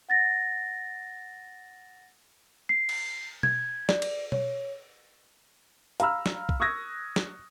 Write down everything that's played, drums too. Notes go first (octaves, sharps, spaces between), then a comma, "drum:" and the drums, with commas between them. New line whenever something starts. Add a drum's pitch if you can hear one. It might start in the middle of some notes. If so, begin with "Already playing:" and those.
F#5 A6 A#6
C7
drum: cymbal
G#6, drum: tom B2
D5, drum: snare
drum: cymbal
C#5, drum: tom B2
F5 A#5 B5 E6 F6, drum: hi-hat
drum: snare
drum: kick B1
C#6 D#6 E6 F#6 G#6 A#6
drum: snare